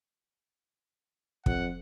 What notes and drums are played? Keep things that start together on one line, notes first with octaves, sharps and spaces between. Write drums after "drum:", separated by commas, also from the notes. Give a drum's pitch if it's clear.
F2 F#5, drum: kick